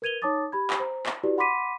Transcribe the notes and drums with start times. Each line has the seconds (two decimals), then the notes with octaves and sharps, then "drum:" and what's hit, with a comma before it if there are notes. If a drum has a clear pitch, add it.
0.02 A#4 B4 G#6 D#7 F7 G7
0.22 D#4 C#5 A5 D6 D#6 A6
0.52 G4 B5 G#6
0.70 drum: clap
0.80 C5 A#5
1.06 drum: clap
1.23 E4 F#4 G4 B4 D5
1.38 F#5 B5 C6 D6 B6 D#7